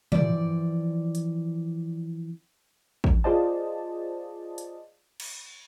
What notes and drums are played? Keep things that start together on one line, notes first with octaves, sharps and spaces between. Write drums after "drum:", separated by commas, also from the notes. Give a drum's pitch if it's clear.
E3 F3 C4 D5, drum: tom
drum: hi-hat
drum: kick
F4 G#4 C5 D5 D#5 A5
drum: hi-hat
drum: cymbal